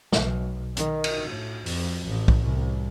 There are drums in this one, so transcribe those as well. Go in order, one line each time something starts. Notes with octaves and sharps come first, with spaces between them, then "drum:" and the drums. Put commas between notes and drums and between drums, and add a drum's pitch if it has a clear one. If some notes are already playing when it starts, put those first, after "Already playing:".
B1, drum: snare
D#3, drum: hi-hat
drum: cymbal
A2
F2, drum: open hi-hat
A1
drum: kick
C2